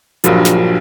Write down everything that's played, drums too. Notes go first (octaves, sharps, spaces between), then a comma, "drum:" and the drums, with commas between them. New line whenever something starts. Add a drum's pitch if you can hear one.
A#1 G2 A#2 F3 F#3, drum: hi-hat
drum: snare